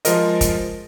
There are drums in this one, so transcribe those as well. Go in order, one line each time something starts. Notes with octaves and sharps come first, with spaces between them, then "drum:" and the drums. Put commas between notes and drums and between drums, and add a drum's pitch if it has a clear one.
F3 G#3 F4 A#4 D#5, drum: hi-hat
drum: kick, hi-hat